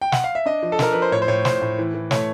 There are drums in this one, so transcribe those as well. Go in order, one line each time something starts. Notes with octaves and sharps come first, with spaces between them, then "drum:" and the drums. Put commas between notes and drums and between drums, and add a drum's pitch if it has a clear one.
G5
F#5, drum: snare
F5
E5
D4 D#5
F3
A4
D4 A#4, drum: snare
F3 B4
C5
A2 C#5
C5
A2 C#5
A2 C5, drum: snare
A2
E3
E3
A3 C#5, drum: snare